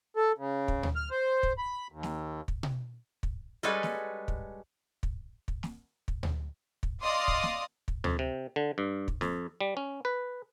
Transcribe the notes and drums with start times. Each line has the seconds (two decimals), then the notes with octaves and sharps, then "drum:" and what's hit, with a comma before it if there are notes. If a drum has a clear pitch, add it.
0.16 A4
0.38 C#3
0.68 drum: kick
0.83 drum: tom D2
0.96 F6
1.11 C5
1.43 drum: kick
1.58 B5
1.92 D#2
2.03 drum: snare
2.48 drum: kick
2.63 drum: tom B2
3.23 drum: kick
3.63 G3 G#3 C#4 F#4 A4 B4
3.83 drum: snare
4.28 drum: kick
5.03 drum: kick
5.48 drum: kick
5.63 drum: snare
6.08 drum: kick
6.23 drum: tom D2
6.83 drum: kick
7.03 D5 D#5 F5 C6 D#6
7.28 drum: kick
7.43 drum: snare
7.88 drum: kick
8.04 F2, drum: tom D2
8.19 C3
8.56 D3
8.78 G2
9.08 drum: kick
9.21 F2, drum: snare
9.61 G3
9.77 C#4
10.05 B4